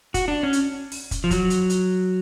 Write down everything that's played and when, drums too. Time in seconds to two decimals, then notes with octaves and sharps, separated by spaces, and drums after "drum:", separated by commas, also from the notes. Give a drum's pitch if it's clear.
0.14 F#4, drum: kick, hi-hat
0.28 D4
0.43 C#4
0.53 drum: hi-hat
0.92 drum: open hi-hat
1.11 drum: kick, hi-hat
1.24 F3
1.31 F#3, drum: kick, hi-hat
1.50 drum: hi-hat
1.70 drum: hi-hat